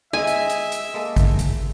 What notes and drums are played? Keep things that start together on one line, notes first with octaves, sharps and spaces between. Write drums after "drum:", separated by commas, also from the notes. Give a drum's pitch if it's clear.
G#3 D#5 E5 G#5
drum: hi-hat
drum: hi-hat
drum: hi-hat
G#3 A#3 A4
drum: kick G#1, hi-hat
drum: hi-hat